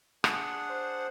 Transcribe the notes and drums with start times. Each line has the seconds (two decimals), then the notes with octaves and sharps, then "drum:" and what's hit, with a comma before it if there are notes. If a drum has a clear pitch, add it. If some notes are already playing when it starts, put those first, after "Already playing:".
0.24 D4 G#4 F#5, drum: rim click
0.67 C5